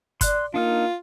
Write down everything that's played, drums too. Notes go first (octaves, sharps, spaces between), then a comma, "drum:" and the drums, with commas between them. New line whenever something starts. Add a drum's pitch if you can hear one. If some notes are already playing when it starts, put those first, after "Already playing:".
D5 C6 F#6, drum: kick G1, hi-hat
A#3 D4 D#4 F4 F5